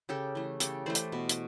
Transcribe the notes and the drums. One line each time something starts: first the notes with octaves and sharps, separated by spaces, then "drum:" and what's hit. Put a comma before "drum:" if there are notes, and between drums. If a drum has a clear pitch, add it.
C#3 G4 A4
E3 A3
C#3 G4 A4, drum: hi-hat
E3 A3 C5 D5
drum: hi-hat
B2
drum: hi-hat